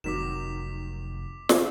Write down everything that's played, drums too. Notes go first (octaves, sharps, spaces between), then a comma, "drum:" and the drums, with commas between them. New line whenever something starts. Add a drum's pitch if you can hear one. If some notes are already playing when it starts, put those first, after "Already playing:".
F1 D#3 F#3 D6 B6 E7
drum: snare